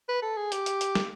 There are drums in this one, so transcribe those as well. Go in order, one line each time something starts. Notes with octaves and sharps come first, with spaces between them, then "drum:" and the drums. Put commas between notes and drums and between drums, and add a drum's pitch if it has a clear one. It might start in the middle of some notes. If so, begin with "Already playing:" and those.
B4
A4
G#4
G4, drum: hi-hat
drum: hi-hat
drum: hi-hat
drum: snare